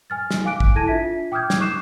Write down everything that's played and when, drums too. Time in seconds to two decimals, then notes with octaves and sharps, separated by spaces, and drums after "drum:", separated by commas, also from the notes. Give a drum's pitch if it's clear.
0.10 G#5 F6 A6
0.31 drum: snare
0.45 F5 G#5 D6 F#6 D7
0.60 drum: kick
0.75 E4 A4 A5 G#6 A#6 D#7
0.87 D4 F4 E5 B6
1.32 G5 D6 D#6 F6 G6 G#6
1.50 drum: snare
1.60 C#6 D6 F#6 G6 C7 E7